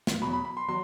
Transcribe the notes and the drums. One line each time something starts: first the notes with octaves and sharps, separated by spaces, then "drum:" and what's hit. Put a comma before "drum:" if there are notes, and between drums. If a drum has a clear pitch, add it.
drum: snare
E2 B2 F#3 B5
B5
B5
C6
F#3 C6